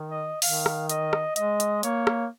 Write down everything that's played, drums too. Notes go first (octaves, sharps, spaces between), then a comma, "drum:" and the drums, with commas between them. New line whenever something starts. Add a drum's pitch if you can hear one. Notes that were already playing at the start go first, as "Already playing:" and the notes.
Already playing: D#3
D#5
D#3 F5, drum: open hi-hat
drum: rim click
D#5, drum: hi-hat
drum: rim click
G#3 D#5, drum: hi-hat
drum: hi-hat
A#3 C#5, drum: hi-hat
drum: rim click